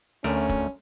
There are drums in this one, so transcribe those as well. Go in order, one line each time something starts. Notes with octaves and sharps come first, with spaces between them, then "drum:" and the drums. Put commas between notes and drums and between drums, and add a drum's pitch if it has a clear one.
D2 A3 C#4 A#4
drum: kick E1